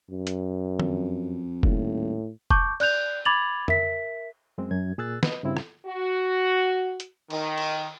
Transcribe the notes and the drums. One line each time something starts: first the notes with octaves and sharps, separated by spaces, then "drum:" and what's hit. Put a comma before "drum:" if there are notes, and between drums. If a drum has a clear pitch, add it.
F#2
drum: hi-hat
F2, drum: tom D#3
D#1 A2, drum: kick F1
A5 C#6 D6 G6, drum: kick F1
D5 F#6 G6 F7, drum: cymbal
B5 D6 G#6 A6 F7 F#7
A#4 E5 B6, drum: tom F2
F#2 G#3 C4
F#2 G#6
A#2 G#4 E6 F#6 A6
B4 D#5, drum: snare
G2 C#3 C4 E4
drum: rim click
F#4
drum: hi-hat
D#3, drum: cymbal
drum: cymbal